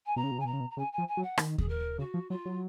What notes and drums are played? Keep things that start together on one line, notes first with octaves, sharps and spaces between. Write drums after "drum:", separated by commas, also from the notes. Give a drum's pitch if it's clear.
G#5
B2 A#5
C#3
B2
C#3 G#5
B2 A#5
C#3
B2
A#5
C#3 G#5
G#5
F3
G#5
F#3
F#5
D#3, drum: rim click
G#4, drum: kick D#2
A#4
C#3 F#4
F3
F#3 F4
F#3